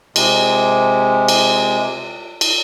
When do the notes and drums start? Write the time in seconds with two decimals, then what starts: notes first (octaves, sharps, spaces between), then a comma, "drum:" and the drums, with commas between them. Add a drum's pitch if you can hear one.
0.16 C3 G#3, drum: cymbal
1.28 drum: cymbal
2.41 drum: cymbal